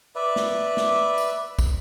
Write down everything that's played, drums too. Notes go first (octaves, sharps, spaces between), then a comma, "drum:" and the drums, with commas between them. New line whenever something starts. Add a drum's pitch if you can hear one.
B4 D5 E5
drum: snare
drum: snare
drum: tambourine
drum: kick, tambourine